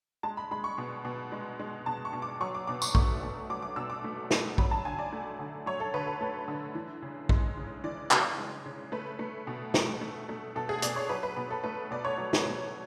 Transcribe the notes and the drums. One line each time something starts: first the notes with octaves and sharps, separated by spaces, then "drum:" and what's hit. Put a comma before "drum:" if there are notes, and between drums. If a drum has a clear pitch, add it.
G#3 A5
B5
G#3 B5
C#6
B2
B2
G#3
G#3
B2 A5
C#6
B2
D6
F#3 C#6
D6
B2 D6
C#6, drum: tambourine
A3 C#6, drum: kick A#1
B2
F#3 D6
D6
B2 E6
D6
A3
B2, drum: snare
F#3 B5, drum: kick A#1
A5
D3 G#5
D5
A3
D3
F#3 C#5
A4
D3 B4
A4
A3 A4
D3
E3
C#3
G#3, drum: kick A#1
C#3
E3 D5
C#3, drum: clap
G#3
C#3
A3 B4
A3
B2
B2, drum: snare
A3
A3
B2 A4
G#4
B2 D5, drum: hi-hat
C#5
F#3 B4
B4
B2
A4
A3 B4
B2 D5
C#5
F#3
drum: snare
B2